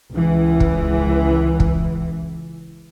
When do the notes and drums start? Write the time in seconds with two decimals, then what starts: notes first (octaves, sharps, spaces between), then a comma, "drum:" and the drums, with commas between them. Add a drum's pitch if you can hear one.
0.12 C#2 E3
0.60 drum: kick
1.60 drum: kick